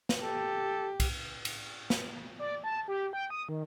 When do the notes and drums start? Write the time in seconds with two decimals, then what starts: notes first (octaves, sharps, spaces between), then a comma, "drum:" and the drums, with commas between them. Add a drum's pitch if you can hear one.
0.09 drum: snare
0.21 G4 A4
1.00 drum: kick C2, cymbal
1.45 drum: cymbal
1.90 drum: snare
2.39 D5
2.64 A5
2.88 G4
3.13 G5
3.30 D#6
3.49 D#3